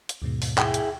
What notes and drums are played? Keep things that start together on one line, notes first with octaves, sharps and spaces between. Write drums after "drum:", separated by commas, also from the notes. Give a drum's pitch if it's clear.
drum: hi-hat
D#2 G#2 B2
drum: open hi-hat
E4 G#4 G5, drum: clap
drum: hi-hat